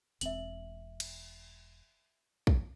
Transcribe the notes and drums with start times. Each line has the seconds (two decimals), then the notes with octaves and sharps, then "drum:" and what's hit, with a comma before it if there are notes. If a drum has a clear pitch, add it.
0.21 E1 C4 E5 F#7, drum: hi-hat
1.00 drum: cymbal
2.47 drum: kick